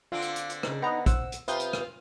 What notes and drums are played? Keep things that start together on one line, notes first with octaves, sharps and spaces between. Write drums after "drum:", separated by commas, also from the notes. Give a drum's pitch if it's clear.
D3 C4 D4 F4 D6
drum: hi-hat
drum: hi-hat
drum: hi-hat
C#3 D#4, drum: rim click
B3 D#4 D#5 A#5
C5 F#5 E6, drum: kick, hi-hat
drum: hi-hat
C3 F4 B4 D#6 G6, drum: hi-hat
drum: hi-hat
drum: rim click